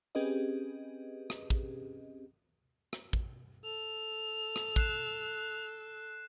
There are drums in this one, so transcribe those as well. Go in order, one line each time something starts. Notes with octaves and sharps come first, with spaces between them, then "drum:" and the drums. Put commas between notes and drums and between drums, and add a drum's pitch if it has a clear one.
C4 C#4 G4 G#4 B4 D#5
drum: rim click
drum: kick
drum: rim click
drum: kick
A4 F7
drum: rim click
F#6 C7 E7, drum: kick